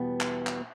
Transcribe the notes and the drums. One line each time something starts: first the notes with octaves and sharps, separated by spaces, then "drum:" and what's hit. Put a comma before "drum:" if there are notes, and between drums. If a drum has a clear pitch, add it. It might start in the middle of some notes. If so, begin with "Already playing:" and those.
Already playing: E2 B2 G3 B3
drum: clap
drum: clap